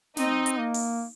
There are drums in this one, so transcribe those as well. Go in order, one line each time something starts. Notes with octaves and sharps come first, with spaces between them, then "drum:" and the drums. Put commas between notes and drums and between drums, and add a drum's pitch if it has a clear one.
C4 D#4 D#5, drum: snare
drum: hi-hat
A#3
drum: open hi-hat